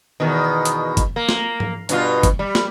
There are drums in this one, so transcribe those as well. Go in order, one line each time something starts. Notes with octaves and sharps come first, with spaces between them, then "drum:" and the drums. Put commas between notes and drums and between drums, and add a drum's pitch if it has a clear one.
E2 B2 D#3
drum: hi-hat
drum: kick, hi-hat
A#3
drum: snare
drum: tom
G2 B2 F4, drum: hi-hat
drum: kick, hi-hat
G3
drum: snare